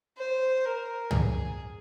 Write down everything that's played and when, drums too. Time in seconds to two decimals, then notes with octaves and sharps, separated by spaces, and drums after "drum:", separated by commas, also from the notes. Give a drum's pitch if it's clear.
0.18 C5
0.65 A#4
1.11 G#4, drum: tom